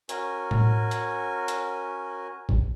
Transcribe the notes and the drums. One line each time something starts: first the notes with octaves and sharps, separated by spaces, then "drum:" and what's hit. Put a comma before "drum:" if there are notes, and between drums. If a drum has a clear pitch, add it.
C#4 F#4 A#4 G#5, drum: hi-hat
drum: tom A2
drum: hi-hat
drum: hi-hat
drum: kick G#1